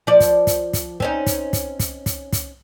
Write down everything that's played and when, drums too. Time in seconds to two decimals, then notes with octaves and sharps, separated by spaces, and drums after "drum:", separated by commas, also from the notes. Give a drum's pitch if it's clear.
0.07 F3 D5
0.20 drum: kick, hi-hat
0.47 drum: kick, hi-hat
0.73 drum: kick, hi-hat
1.00 C4 C#4 D#4, drum: kick
1.26 drum: kick, hi-hat
1.53 drum: kick, hi-hat
1.80 drum: kick, hi-hat
2.06 drum: kick, hi-hat
2.33 drum: kick, hi-hat